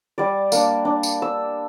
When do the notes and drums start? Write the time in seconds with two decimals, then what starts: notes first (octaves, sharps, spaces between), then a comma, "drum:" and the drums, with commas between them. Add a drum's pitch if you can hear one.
0.18 G3 D5
0.52 A#3 D4, drum: tambourine
0.85 D4
1.03 drum: tambourine
1.22 E6